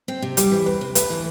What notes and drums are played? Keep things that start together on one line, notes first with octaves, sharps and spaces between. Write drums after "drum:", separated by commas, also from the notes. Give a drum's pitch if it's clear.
C4
C3
G3 G4, drum: hi-hat
E3
C4 B4
C3
A3 B4, drum: hi-hat
E3